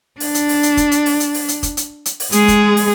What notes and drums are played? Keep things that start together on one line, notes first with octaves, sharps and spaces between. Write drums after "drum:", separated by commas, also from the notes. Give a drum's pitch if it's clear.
D4, drum: open hi-hat
drum: hi-hat
drum: open hi-hat
drum: hi-hat
drum: kick, hi-hat
drum: hi-hat
drum: open hi-hat
drum: hi-hat
drum: open hi-hat
drum: hi-hat
drum: kick, hi-hat
drum: hi-hat
drum: hi-hat
drum: open hi-hat
G#3 G#4, drum: hi-hat
drum: kick, hi-hat
drum: open hi-hat